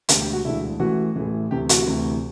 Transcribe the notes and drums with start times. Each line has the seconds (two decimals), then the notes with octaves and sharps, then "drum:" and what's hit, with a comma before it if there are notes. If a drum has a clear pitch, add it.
0.09 E1 D2 D3 G4, drum: hi-hat
0.20 G4
0.33 F#4
0.45 E1 D2 D3 E4
0.80 A1 A2 E3 F#4
1.16 A1 A2 E3
1.51 D2 C3 E3 G4
1.69 F#4, drum: hi-hat
1.86 D2 C3 E3